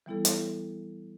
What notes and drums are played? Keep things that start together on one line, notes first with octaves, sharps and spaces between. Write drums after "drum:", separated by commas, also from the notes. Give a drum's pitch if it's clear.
E3 G3 B3 E4 A4
drum: hi-hat